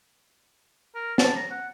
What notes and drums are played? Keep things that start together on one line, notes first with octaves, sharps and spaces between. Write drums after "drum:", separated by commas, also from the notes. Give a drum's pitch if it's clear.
A#4
A5, drum: snare
A#5
F#5